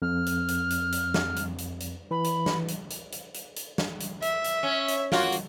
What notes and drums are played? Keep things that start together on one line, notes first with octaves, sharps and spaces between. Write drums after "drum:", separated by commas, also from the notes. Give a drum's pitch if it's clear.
F2 F6
drum: hi-hat
drum: hi-hat
drum: hi-hat
drum: hi-hat
drum: snare
drum: hi-hat
drum: hi-hat
drum: hi-hat
E3 B5
drum: hi-hat
drum: snare
drum: hi-hat
drum: hi-hat
drum: hi-hat
drum: hi-hat
drum: hi-hat
drum: snare
drum: hi-hat
E5, drum: hi-hat
drum: hi-hat
C#4
drum: hi-hat
A#3 F4 F#4, drum: snare
drum: hi-hat